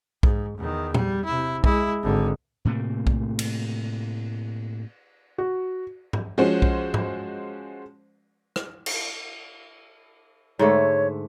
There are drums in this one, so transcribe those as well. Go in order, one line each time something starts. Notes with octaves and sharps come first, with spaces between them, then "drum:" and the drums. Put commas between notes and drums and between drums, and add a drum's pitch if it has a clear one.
G#2, drum: kick B1
E2 D#3
G3, drum: tom A#2
C3 E4
G#3 E4, drum: kick B1
G#1 D3
A2 C3 A3 A#3
drum: kick B1
drum: cymbal
F#4
drum: tom G#2
F3 G#3 C#4 F#4 C5
drum: kick B1
drum: tom G#2
drum: rim click
drum: cymbal
G#2 D3 A3 C#5